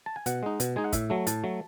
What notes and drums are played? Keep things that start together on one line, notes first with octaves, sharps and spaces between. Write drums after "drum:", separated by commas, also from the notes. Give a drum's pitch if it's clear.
A5
G#5
B2 F#5, drum: hi-hat
G#3 D#4
B2, drum: hi-hat
G#3 D#4 G#5
F#5
A2 E5, drum: kick, hi-hat
F#3 A3
A2 A5, drum: hi-hat
F#3 A3